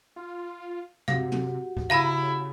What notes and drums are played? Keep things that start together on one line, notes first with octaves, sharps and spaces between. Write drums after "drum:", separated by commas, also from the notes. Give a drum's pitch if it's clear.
F4
C3 F#4 G4 F5 F#5, drum: tom
drum: tom
drum: kick C#2
C#3 E4 F5 A#5 B5